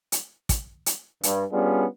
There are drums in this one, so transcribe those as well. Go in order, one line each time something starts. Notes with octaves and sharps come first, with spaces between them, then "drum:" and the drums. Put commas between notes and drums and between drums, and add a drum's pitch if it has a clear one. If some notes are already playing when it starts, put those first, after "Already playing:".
drum: hi-hat
drum: kick, hi-hat
drum: hi-hat
G2, drum: hi-hat
G3 B3 C#4 D4 F4 G#4